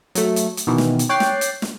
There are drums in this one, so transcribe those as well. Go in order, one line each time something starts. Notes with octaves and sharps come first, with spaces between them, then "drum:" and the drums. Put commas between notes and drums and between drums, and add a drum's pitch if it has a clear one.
F#3 A3, drum: hi-hat
drum: hi-hat
drum: hi-hat
B2 D#3 E3
drum: snare
drum: hi-hat
C#5 G5 D6 F#6 A6 C7
drum: snare
drum: hi-hat
drum: snare